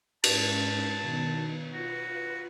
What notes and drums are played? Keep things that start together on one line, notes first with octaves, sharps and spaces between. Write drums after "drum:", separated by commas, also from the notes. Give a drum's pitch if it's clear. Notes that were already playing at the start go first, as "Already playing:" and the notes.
G#2 C#4 A5, drum: cymbal
B2 D#3
F4 F#4 B4